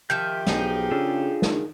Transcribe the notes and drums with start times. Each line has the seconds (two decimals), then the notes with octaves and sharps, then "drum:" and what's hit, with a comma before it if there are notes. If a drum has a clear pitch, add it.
0.10 D#3 F3 G4 E5 G6
0.47 B1 F3 D#4 G#4, drum: snare
0.91 C#3 D4 F4 A4
1.42 D#3, drum: snare